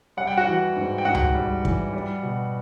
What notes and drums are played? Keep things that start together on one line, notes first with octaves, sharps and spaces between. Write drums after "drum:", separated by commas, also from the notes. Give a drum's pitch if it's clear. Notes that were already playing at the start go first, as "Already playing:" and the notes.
G3 F#5
G5
F#4 F#5
E3
G#2
G5
G#2 F#4 F#5
drum: tom C#2
G3
E3, drum: kick
G3
B2